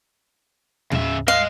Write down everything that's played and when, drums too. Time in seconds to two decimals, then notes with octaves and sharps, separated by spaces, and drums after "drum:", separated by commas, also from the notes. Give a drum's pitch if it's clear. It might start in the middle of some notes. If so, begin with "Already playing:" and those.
0.91 C#3 E5, drum: tom
1.28 D#5 F5 C6